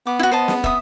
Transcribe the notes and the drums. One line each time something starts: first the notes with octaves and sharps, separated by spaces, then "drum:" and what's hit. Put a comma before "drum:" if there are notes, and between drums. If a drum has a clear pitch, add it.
B3 D6
E4 F#4
C5 D#5 A5
drum: snare
E5 D#6, drum: kick